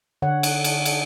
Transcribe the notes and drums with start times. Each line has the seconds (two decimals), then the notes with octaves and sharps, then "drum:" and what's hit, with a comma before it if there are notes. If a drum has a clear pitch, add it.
0.22 D3 C#5 F#5
0.43 drum: cymbal
0.64 drum: cymbal
0.85 drum: cymbal